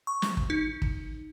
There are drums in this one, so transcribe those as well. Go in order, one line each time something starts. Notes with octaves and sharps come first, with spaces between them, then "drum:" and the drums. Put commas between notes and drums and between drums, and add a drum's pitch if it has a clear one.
C#6
drum: snare
drum: kick
D#4
drum: kick